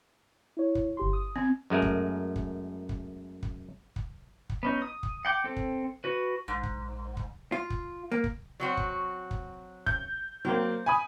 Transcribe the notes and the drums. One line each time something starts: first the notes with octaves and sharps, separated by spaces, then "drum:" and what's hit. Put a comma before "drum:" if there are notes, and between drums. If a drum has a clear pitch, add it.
E4 C#5
drum: kick
G1 G4 C6
D#6
C4 G#6
F#2 G#3 A3 A#4
drum: kick
drum: kick
drum: kick
drum: kick
drum: kick
drum: kick
B3 C#4 D#4
D#6
drum: kick
F#5 G5 D6
C4 A4
drum: kick
F#4 B4
A#1 G#2
drum: kick
drum: kick
F4
drum: kick
A#3
drum: kick
F#3 C4 F#4
drum: kick
drum: kick
G6, drum: kick
F#3 A#3 C4
G#5 B5 D#6